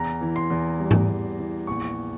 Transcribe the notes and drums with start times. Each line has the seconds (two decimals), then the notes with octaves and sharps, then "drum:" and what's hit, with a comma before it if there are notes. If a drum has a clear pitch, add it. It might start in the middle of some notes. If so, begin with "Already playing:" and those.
Already playing: E2 A#5
0.21 E3
0.36 C6
0.50 E2
0.80 G3
0.91 drum: tom G#2
1.09 E2
1.39 E3
1.67 A#1 C#6